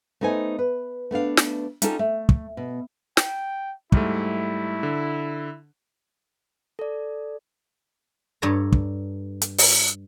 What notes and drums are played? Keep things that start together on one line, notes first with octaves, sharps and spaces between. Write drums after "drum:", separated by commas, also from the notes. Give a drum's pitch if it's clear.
A3 B3 D#4 C5 G#5
B4
A3 B3 D4 F5
drum: snare
C#4 D#4 F4 G4 A4 A5, drum: hi-hat
A3
drum: kick
B2
G5, drum: snare
G#2 G3 A3 E4, drum: kick
D3
A4 D5
G2 A4 C#5 A5 A#5
drum: kick
drum: hi-hat
drum: open hi-hat